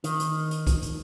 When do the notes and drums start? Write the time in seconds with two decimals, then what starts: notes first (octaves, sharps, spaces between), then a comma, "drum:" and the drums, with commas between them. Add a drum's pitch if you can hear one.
0.04 D#3, drum: hi-hat
0.20 drum: hi-hat
0.51 drum: hi-hat
0.67 drum: kick C2, hi-hat
0.82 drum: hi-hat